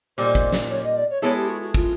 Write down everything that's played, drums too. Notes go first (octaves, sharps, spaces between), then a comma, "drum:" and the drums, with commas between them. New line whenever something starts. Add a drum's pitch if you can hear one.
A#2 G3 A#3 D#4 C5
drum: kick
drum: snare
C#5
D#5
D5
C#5
G#3 B3 E4 A4 C#5
G4
F#4
F#4
F4, drum: kick